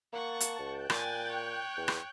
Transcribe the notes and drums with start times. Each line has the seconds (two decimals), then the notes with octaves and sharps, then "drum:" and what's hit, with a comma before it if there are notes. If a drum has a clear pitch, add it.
0.13 A#3 F#5 A5 C#6
0.40 drum: hi-hat
0.59 C#2 G5 F#6 G6
0.90 A#2 G#5 A6, drum: rim click
1.30 C#5
1.77 E2
1.88 drum: rim click